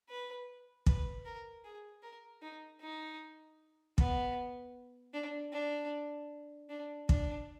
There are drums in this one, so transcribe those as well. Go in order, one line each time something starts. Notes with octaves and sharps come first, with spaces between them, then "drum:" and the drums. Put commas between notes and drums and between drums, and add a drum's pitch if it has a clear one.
B4
B4, drum: kick
A#4
G#4
A#4
D#4
D#4
B3, drum: kick
D4
D4
D4
D4, drum: kick